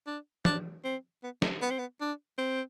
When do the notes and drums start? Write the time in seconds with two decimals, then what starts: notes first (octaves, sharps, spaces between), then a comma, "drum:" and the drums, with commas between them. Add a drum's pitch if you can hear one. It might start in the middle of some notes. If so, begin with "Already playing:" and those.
0.07 D4
0.45 D4, drum: tom
0.84 C4
1.23 B3
1.42 A3, drum: snare
1.62 B3
1.71 C4
1.79 B3
2.00 D4
2.38 C4